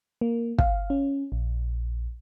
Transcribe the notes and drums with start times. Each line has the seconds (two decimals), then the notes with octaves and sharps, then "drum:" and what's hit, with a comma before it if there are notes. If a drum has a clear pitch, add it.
0.21 A#3
0.58 F5, drum: kick
0.90 C#4
1.32 A#1